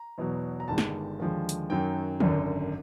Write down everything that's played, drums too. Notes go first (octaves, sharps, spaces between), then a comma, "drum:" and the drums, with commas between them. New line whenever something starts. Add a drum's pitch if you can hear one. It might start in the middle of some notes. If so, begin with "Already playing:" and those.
Already playing: A#5
E2 B2 F#3
A#5
G1 G2 D#3 G#3 A5
drum: snare
D#2 D3 F3 G#3
drum: hi-hat
F#2 D#3 F#3 G5
G#1 F#2 D3, drum: tom